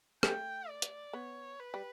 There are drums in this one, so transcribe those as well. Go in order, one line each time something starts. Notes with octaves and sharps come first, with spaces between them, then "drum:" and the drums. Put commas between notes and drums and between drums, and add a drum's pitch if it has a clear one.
A3 G5, drum: rim click
D5
drum: hi-hat
B3 C#5
B4
G3